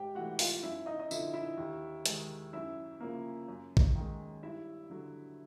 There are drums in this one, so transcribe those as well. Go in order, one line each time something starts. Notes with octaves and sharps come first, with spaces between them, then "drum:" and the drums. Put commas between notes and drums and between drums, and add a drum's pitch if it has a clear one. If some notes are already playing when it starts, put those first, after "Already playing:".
Already playing: G#2 G4 G5
E3 A3 F#4 F#5
F4 F5, drum: open hi-hat
F#2 E4 E5
D#4 D#5
D#5
D3 F3 E4 E5, drum: tambourine
E4 E5
D#2
D#3 G#3, drum: hi-hat
F#2 E4 E5
C#3 F3 A#3
F#2
drum: kick
D#3 G#3
G2 E4 E5
D3 F#3